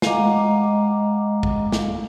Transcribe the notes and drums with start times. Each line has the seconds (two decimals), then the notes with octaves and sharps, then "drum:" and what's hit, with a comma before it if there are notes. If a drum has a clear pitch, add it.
0.02 G#3 D#5 F5 F#5 A#5 D6, drum: snare
1.43 drum: kick A1
1.72 drum: snare